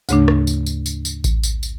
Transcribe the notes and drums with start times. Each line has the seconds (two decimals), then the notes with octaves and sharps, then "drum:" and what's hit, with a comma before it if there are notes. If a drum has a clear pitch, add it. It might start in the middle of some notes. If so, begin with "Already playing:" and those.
0.09 D2 G#2 C#3 A3 D4, drum: tambourine
0.28 drum: rim click
0.47 drum: tambourine
0.66 drum: tambourine
0.86 drum: tambourine
1.05 drum: tambourine
1.24 drum: kick A1, tambourine
1.43 drum: tambourine
1.63 drum: tambourine